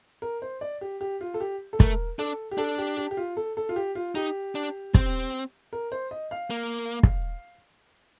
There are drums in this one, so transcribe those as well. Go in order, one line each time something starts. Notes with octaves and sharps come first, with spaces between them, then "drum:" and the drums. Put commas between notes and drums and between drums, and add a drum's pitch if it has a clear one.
A#4
C5
D5
G4
G4
F4
A4
G4
A4
A3 A#4, drum: kick
D4 A4
G4
D4 A4
G4
G4
G4
F4
A4
A4
F4
G4
F4
D#4 G4
D4
C4, drum: kick
A#4
C5
D#5
F5
A#3
drum: kick